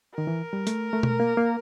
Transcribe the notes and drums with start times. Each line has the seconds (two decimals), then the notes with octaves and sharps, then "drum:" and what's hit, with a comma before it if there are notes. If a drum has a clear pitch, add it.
0.14 D#3 A#4
0.27 E3
0.53 G3
0.67 A3, drum: hi-hat
0.93 A3
1.03 drum: tom B2
1.20 A#3
1.37 A#3